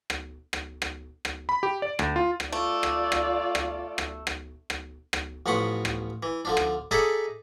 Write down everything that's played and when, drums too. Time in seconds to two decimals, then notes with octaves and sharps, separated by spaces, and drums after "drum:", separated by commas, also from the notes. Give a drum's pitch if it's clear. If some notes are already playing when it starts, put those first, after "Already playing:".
0.10 drum: rim click
0.53 drum: rim click
0.82 drum: rim click
1.25 drum: rim click
1.49 B5
1.63 G4
1.82 D5
1.99 D2, drum: rim click
2.16 F4
2.40 drum: rim click
2.52 A3 F4 D5
2.83 drum: rim click
3.12 drum: rim click
3.55 drum: rim click
3.98 drum: rim click
4.27 drum: rim click
4.70 drum: rim click
5.13 drum: rim click
5.46 A1 F3 B3 F#5 C#6
5.85 drum: rim click
6.23 E3
6.45 D3 F3 D4
6.57 drum: rim click
6.91 D#4 G#4 A4 D5 E5 F#5